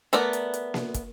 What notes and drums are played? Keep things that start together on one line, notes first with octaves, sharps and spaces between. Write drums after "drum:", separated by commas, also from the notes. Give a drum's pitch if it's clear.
A3 B3 A#4 B4 D5, drum: hi-hat
drum: hi-hat
drum: hi-hat
drum: snare A#3
drum: kick, hi-hat